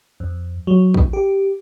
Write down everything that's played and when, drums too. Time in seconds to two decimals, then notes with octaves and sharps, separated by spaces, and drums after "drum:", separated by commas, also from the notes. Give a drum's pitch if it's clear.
0.20 F2
0.67 F#3
0.94 drum: kick
1.13 G4